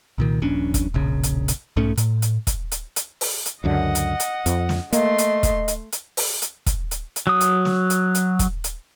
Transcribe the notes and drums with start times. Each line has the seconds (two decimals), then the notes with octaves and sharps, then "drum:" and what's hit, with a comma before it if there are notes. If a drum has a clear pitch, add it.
0.18 C2 A#2 D#3
0.42 D#1 A#1 C#4 D4
0.74 drum: kick, hi-hat
0.94 E1 A#1 C#3
1.23 drum: hi-hat
1.48 drum: hi-hat
1.76 B1 G#2 A3 C#4
1.97 A2, drum: hi-hat
2.22 drum: hi-hat
2.47 drum: kick, hi-hat
2.72 drum: hi-hat
2.96 drum: hi-hat
3.21 drum: open hi-hat
3.46 drum: hi-hat
3.64 C#2 F#2 D3 D#5 F#5
3.95 drum: hi-hat
4.20 drum: hi-hat
4.46 F2, drum: hi-hat
4.69 drum: snare
4.93 A3 A#3 D#5 C6, drum: hi-hat
5.18 drum: hi-hat
5.43 drum: kick, hi-hat
5.68 drum: hi-hat
5.92 drum: hi-hat
6.17 drum: open hi-hat
6.42 drum: hi-hat
6.66 drum: kick, hi-hat
6.91 drum: hi-hat
7.16 drum: hi-hat
7.27 F#3 D#6
7.41 drum: hi-hat
7.65 drum: snare
7.90 drum: hi-hat
8.15 drum: hi-hat
8.39 drum: kick, hi-hat
8.64 drum: hi-hat